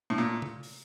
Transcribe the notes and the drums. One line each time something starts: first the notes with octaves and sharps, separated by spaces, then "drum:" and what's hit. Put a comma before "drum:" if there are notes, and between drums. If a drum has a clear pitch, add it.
A2
A#2
drum: tom C3
drum: open hi-hat